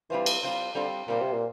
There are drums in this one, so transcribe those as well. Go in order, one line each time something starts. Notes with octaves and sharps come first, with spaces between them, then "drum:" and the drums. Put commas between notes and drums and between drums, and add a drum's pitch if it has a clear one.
E3 G3 C4 F4 C5
drum: cymbal
G3 C4 F4 C5
D3 G3 C4 F4 C5
A#2 G3 C4 F4 C5
C3
A#2